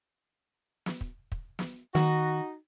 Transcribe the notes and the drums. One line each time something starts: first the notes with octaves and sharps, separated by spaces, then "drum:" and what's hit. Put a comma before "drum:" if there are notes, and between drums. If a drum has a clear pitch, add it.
drum: snare
drum: kick
drum: kick
drum: snare
D#3 D#4 F#4, drum: snare